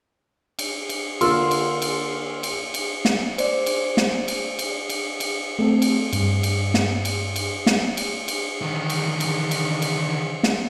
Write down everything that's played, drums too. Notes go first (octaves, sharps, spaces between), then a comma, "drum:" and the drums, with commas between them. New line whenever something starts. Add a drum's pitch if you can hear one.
drum: cymbal
drum: cymbal
D3 A#3 F4 C6 E6 F6, drum: cymbal
drum: cymbal
drum: cymbal
drum: cymbal
drum: cymbal
drum: snare
C5 D5, drum: cymbal
drum: cymbal
drum: snare
drum: cymbal
drum: cymbal
drum: cymbal
drum: cymbal
A3 C4 A4
drum: cymbal
G2, drum: cymbal
drum: cymbal
drum: snare
drum: cymbal
drum: cymbal
drum: snare
drum: cymbal
drum: cymbal
D3 D#3
drum: cymbal
drum: cymbal
drum: cymbal
drum: cymbal
drum: snare